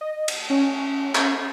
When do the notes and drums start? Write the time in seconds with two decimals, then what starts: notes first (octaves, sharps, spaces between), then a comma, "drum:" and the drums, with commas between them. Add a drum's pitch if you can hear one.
0.01 D#5
0.28 drum: cymbal
0.50 C#4
1.15 drum: clap